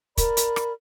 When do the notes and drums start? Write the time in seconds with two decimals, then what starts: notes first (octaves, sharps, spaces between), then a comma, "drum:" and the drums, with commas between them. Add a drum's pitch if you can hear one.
0.18 A#4 D5 B5, drum: kick, hi-hat
0.37 drum: hi-hat
0.56 drum: rim click